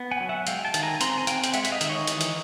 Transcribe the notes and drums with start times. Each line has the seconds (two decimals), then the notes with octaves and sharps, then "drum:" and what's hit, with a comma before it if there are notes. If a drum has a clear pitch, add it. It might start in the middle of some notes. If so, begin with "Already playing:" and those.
Already playing: B3
0.11 F#5 G#5
0.20 F#3
0.29 E5 F#5
0.47 G#3 F5 G5, drum: hi-hat
0.65 G5 A5
0.74 D#3, drum: hi-hat
0.83 G#5 A#5
1.01 C4 A#5 C6, drum: hi-hat
1.18 G#5
1.27 C4 F5 G5, drum: hi-hat
1.44 G5, drum: hi-hat
1.54 G#3 E5 F#5, drum: hi-hat
1.65 E5, drum: hi-hat
1.71 D#5 F5
1.81 D#3 E5, drum: hi-hat
1.90 C#5 D#5
2.07 E3, drum: hi-hat
2.21 drum: hi-hat